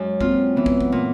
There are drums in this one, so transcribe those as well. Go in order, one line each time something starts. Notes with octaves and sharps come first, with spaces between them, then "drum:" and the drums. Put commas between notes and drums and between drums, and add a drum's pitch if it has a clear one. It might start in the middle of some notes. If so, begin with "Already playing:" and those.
Already playing: F#2 G#3
A#3 C4 F4, drum: kick
E3 B3 C#4
drum: kick
drum: kick
A#2